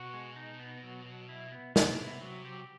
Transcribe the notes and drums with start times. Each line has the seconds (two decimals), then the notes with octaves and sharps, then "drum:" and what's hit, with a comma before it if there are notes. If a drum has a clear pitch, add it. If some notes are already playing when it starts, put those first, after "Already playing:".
Already playing: B2 F#4
0.14 G#3
0.36 D#4
0.60 B3
0.83 F#3
1.05 F#3
1.29 E4
1.52 B3
1.76 C3 B3, drum: snare
1.99 E4
2.21 F#3
2.45 G4